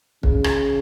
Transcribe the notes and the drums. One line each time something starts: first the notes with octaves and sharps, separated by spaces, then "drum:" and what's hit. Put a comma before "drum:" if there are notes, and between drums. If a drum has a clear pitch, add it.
C#3, drum: kick
drum: rim click